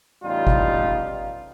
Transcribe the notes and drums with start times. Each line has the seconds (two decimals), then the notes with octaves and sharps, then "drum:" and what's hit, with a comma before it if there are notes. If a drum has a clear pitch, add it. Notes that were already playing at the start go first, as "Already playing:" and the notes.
0.23 A1 E2 G3 D#4 F4
0.47 drum: kick G1